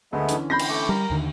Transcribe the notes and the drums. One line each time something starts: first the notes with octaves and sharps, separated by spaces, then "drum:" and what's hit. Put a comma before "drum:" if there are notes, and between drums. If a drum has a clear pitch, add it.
D2 G#3 A3 B3
D3 E3 C#4, drum: hi-hat
B5 C6 G6 A#6
drum: cymbal
A3 C#6 D6
G3 A#4
D#2 D3 D#3